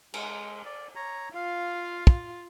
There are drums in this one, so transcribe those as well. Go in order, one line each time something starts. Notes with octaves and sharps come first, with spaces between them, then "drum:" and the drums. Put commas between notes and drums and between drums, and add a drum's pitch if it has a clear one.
G#3, drum: cymbal
D5
C#5 A#5
F4 F5
drum: kick